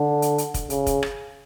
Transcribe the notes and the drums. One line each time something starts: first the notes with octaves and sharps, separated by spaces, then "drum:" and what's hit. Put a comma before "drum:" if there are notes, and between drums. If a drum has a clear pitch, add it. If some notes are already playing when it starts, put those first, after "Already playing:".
Already playing: D3
drum: hi-hat
drum: hi-hat
drum: kick, hi-hat
C#3, drum: hi-hat
drum: kick, hi-hat
drum: rim click